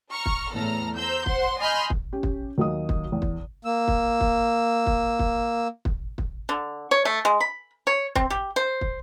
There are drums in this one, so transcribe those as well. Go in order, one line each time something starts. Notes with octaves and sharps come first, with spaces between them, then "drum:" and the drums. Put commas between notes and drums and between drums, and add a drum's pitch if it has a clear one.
A#5 C#6 F6
drum: kick
E2 A2 A4 A#5 F6
C5 A#5 E6 G6
C5 F#5 C6, drum: kick
D#5 G#5 B5 C6 F6 G6
drum: kick
C#4 G4
drum: kick
D#2 F#3 D#5 D#6
drum: kick
E2
drum: kick
A#3 E6
drum: kick
drum: kick
drum: kick
drum: kick
drum: kick
drum: kick
D3
C#5
A3
G#3
B5
C#5
C4, drum: kick
G4
C5
drum: kick